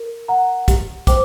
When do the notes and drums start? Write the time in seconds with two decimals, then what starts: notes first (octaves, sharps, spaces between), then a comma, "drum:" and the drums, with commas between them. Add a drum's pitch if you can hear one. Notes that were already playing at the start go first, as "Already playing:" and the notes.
Already playing: A#4
0.28 F#5 A#5
0.68 G4, drum: kick, hi-hat
1.07 C5 G5 D6, drum: kick, hi-hat